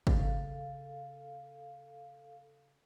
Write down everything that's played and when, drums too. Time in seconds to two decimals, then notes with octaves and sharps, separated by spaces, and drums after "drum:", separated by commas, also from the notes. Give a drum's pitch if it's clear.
0.07 C#3 A4 F5, drum: kick